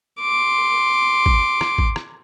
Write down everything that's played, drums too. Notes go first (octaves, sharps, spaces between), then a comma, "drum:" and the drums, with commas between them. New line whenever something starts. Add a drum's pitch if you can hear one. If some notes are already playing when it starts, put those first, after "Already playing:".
C6 D6
drum: kick
drum: rim click
drum: kick
drum: rim click